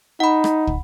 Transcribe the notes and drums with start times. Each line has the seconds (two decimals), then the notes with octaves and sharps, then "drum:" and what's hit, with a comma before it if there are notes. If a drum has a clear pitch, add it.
0.20 D#4 F#5 B5
0.44 drum: rim click
0.67 drum: kick